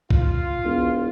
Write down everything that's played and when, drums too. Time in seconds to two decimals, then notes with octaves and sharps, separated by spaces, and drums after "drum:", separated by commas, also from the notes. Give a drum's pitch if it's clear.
0.10 F4, drum: kick B1
0.65 E1